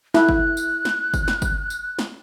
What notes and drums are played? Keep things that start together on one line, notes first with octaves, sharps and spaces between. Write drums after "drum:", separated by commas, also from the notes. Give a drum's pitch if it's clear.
E4 F#6, drum: snare
drum: kick G1
drum: tambourine
drum: snare
drum: kick G1, tambourine
drum: snare
drum: kick G1, tambourine
drum: tambourine
drum: snare